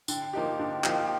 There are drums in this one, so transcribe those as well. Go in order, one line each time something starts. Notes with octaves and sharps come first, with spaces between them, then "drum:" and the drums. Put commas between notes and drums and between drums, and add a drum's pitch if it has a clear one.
D3 G5, drum: tambourine
F3 A#3 D#4 G4
D3
F3 A#3 D#4 G4, drum: clap